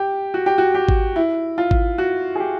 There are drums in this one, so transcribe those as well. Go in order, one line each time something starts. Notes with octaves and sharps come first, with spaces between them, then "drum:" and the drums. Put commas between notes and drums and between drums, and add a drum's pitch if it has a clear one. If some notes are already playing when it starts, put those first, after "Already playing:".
Already playing: G4
F#4
G4
F#4
G4
drum: kick G#1
E4
F4
drum: kick G#1
F#4
G#4
G4